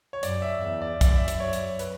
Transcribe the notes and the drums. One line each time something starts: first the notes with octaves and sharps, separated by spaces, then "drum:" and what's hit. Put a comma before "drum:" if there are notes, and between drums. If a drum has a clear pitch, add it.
C#5
F#2 D5, drum: hi-hat
E5
E2 E5
D5
F#2 D5, drum: kick B1, hi-hat
E5
D5, drum: hi-hat
C#5
drum: hi-hat
B4, drum: hi-hat